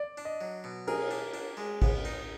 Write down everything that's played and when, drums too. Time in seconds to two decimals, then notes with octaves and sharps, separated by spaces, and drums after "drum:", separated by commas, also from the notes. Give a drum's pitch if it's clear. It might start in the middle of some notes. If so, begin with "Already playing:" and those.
Already playing: D5
0.17 D4
0.25 D#5
0.41 F#3
0.64 B2
0.87 G#4 A#4, drum: cymbal
1.11 D4
1.34 D4
1.57 G#3
1.82 B3, drum: kick, cymbal
2.05 D#4